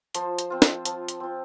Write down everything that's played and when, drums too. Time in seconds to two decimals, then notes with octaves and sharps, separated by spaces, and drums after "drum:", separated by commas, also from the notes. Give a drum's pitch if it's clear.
0.15 F3 C5, drum: hi-hat
0.39 drum: hi-hat
0.50 C4 F4
0.62 drum: snare
0.85 F3, drum: hi-hat
1.09 drum: hi-hat
1.20 C4 F4